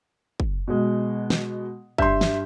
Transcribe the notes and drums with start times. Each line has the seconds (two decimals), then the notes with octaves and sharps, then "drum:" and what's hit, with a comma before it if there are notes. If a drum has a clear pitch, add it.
0.40 drum: kick
0.68 B2 G#3
1.30 drum: snare
1.98 G2 E5 C6 G6, drum: kick
2.21 drum: snare